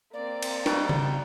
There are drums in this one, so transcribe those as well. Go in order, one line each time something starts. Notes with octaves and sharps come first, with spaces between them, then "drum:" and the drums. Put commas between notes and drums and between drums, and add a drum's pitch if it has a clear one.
A#3 C4 D5
drum: cymbal
G3 D#4 F#4, drum: snare
drum: tom C#3